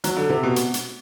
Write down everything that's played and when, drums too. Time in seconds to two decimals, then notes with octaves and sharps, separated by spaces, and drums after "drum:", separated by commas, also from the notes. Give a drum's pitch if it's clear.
0.04 F#3, drum: hi-hat
0.16 D3
0.29 C3
0.43 B2
0.56 drum: hi-hat
0.74 drum: hi-hat